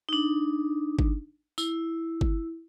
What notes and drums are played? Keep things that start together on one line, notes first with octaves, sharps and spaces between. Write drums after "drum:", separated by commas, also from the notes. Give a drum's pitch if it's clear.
D4 D#4
drum: kick G1
E4, drum: tambourine
drum: kick G1